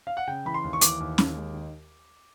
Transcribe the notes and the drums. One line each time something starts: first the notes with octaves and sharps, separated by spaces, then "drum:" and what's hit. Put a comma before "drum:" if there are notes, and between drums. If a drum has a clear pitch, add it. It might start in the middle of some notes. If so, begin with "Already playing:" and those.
F5
F#5
C#3 G5
E3 B5
C6
D#2
C#6
E3 D6, drum: hi-hat
D#2
D#2, drum: snare
G#3
D#3